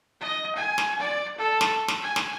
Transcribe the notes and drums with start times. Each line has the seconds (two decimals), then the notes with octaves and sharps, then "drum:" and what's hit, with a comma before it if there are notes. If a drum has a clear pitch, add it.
0.20 D#5
0.56 G#5
0.78 drum: snare
0.99 D5
1.38 A4
1.61 drum: snare
1.88 drum: snare
2.02 G#5
2.16 drum: snare